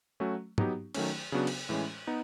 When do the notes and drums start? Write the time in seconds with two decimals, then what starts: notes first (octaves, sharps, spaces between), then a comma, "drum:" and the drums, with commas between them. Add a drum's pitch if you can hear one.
0.20 F#3 A3 C#4 F#4
0.58 F#3 B3 D#4 G4, drum: tom
0.94 D#3 F#3 A3 C#4, drum: cymbal
1.32 C#3 F#3 B3 D4 F#4
1.47 drum: cymbal
1.69 A2 E3 G#3 C#4
2.07 B3 D#4